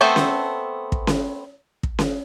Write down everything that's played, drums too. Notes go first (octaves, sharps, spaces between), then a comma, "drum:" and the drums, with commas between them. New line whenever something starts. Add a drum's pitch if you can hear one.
A3 B3 C4 A4 C5
drum: snare C#4
drum: kick
drum: snare C#4
drum: kick
drum: snare C#4